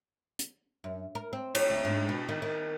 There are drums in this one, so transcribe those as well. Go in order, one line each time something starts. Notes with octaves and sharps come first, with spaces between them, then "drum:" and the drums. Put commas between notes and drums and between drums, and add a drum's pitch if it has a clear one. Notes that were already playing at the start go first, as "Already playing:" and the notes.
drum: hi-hat
F#2
A#4
C4
C#5, drum: cymbal
D2
G#2
B2
D#3
D#3